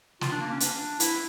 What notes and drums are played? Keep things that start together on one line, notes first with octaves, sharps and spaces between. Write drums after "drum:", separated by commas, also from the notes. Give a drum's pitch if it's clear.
F4, drum: snare
D4
A#3
C#4
D4, drum: hi-hat
E4, drum: hi-hat